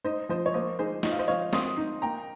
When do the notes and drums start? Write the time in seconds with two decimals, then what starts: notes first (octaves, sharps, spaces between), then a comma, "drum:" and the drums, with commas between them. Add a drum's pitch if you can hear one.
0.04 D#4 C5 D#5
0.29 F3 C5 D#5
0.46 C#5
0.54 A#3 C5 D#5
0.79 D#4 G#4 C5
1.03 D#4 D#5, drum: snare
1.12 F5
1.19 C5 D#5
1.28 F3 C#5 F5
1.53 C4 C6 D#6, drum: snare
1.77 D#4
2.02 A#3 G5 A#5